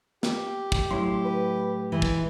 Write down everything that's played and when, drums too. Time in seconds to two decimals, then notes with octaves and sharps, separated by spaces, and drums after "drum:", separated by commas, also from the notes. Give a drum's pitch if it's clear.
0.23 G4, drum: snare
0.72 drum: kick
0.91 A2 F#3 E4 C6
1.25 B4
1.92 E3 G#3 E4
2.02 drum: kick